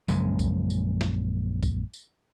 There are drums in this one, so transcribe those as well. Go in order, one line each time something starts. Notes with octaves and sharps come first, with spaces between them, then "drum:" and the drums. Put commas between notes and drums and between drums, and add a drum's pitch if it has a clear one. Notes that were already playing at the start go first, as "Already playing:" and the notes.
A#1 F#2 C#3 G#3, drum: tambourine
drum: kick C2, tambourine
drum: tambourine
drum: snare
drum: kick C2, tambourine
drum: tambourine